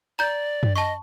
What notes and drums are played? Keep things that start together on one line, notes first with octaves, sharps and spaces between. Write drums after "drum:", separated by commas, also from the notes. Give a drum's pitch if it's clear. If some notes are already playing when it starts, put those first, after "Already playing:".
D5 A#5 G6
drum: tom F#2
D#5 A5 C#6